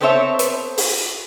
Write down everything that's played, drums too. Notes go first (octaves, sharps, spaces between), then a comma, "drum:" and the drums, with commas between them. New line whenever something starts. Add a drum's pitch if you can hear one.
B3 C4 A4 C5 C#5 E5
drum: hi-hat
drum: open hi-hat